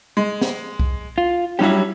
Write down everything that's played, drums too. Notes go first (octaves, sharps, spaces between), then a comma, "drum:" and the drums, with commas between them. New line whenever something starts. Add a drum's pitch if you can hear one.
G#3
drum: snare
drum: kick C2
F4
F#3 G3 C#4 D4 E4 G4